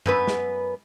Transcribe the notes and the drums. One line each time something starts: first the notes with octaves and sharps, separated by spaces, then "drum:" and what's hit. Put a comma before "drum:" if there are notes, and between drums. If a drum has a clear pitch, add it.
F#2 B3 B4, drum: tom G2
drum: snare